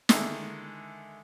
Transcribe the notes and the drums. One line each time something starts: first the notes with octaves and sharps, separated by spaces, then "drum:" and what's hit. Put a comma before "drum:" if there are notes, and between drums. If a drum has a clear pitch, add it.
D3 D#3 G#3 E4 A4, drum: snare